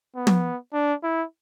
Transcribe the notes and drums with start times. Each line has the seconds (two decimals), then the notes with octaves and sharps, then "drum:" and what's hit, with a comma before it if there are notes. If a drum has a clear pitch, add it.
0.16 B3
0.27 drum: tom
0.73 D4
1.03 E4